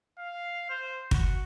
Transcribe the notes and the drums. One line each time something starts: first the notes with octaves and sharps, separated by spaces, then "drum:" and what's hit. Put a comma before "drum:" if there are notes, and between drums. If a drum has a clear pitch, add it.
F5
C5
F#4, drum: kick